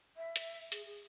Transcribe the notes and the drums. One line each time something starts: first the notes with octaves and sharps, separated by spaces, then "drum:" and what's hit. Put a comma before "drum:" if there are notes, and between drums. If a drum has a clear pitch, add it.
E5
drum: hi-hat
G#4, drum: hi-hat
G#4